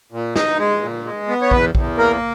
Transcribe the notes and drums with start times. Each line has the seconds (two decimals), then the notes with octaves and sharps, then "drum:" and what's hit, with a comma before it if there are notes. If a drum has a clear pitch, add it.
0.12 A#2
0.36 D#4, drum: snare
0.58 G#3
0.82 A#2
1.05 G#3
1.28 B3
1.42 C#5
1.51 E2 B4, drum: kick A#1
1.75 E2, drum: kick A#1
1.98 A#3 A#4